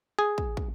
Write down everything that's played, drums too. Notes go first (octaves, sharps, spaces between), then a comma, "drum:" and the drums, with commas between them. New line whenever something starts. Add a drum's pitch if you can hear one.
G#4
drum: kick
drum: kick